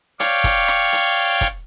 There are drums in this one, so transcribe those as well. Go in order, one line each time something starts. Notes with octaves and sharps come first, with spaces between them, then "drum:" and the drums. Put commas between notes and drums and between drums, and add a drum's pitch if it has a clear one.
C#5 D5 F5 G5 C#6, drum: hi-hat
drum: kick, hi-hat
drum: rim click
drum: hi-hat
drum: kick, hi-hat